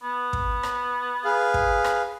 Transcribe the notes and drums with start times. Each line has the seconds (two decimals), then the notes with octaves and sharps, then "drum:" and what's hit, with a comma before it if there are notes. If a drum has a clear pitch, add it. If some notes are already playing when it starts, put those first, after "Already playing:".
0.03 B3
0.33 drum: kick
0.63 drum: rim click
1.25 G#4 B4 F5
1.54 drum: kick
1.84 drum: rim click